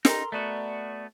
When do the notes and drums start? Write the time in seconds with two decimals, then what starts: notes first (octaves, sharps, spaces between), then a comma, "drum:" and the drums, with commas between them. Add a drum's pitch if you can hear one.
0.05 D#4 A4 A#4 A#5 C6, drum: snare
0.32 A3 B3 F#4 D5